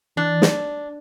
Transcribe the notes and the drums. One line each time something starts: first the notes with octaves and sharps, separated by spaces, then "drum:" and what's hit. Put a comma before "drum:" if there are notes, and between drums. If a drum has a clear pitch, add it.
E3 D4
drum: snare